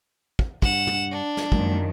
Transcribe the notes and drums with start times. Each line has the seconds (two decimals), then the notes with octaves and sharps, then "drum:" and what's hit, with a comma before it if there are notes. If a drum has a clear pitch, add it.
0.39 drum: kick
0.62 G2 F#5 E7, drum: kick
0.87 drum: tom
1.12 D4
1.37 drum: snare
1.52 F#2 D#3 F3 F#3 G#3 A#3, drum: kick